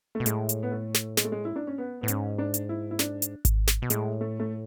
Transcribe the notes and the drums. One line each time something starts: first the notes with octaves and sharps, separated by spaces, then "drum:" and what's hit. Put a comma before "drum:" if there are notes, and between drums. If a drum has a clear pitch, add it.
A3
B2
A2 G#3, drum: hi-hat
drum: hi-hat
B3
A3
drum: snare
G#3, drum: snare
A3
G#3
E4
D4
C#4
B3
A2 B3
G#2 C#4, drum: hi-hat
D4
drum: hi-hat
E4
E4
D4, drum: snare
drum: hi-hat
drum: kick G#1, hi-hat
drum: snare
B2
A2 G#3, drum: hi-hat
A3
A3